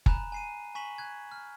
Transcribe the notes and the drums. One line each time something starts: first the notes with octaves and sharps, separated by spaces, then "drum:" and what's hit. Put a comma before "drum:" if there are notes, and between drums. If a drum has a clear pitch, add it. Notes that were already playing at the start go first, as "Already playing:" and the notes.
G#5 A#5 B5 F#6 E7, drum: kick F#1
G#5 C7 D#7
G#5 C#6 B6 E7 F#7
F#6 G#6
F6